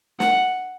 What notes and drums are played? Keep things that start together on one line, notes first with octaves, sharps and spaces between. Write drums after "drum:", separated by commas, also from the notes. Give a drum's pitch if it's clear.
F#5, drum: snare